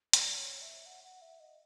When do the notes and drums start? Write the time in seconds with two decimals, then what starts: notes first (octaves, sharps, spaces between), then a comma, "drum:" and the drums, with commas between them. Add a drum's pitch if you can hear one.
0.13 D5, drum: hi-hat
0.38 C#5
0.62 E5
0.86 F#5
1.04 F#5
1.22 E5
1.40 D#5